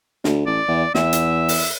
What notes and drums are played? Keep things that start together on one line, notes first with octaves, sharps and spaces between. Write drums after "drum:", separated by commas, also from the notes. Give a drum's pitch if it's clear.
D2, drum: snare
A1 D5
E2
E2 E5, drum: snare
drum: hi-hat
drum: open hi-hat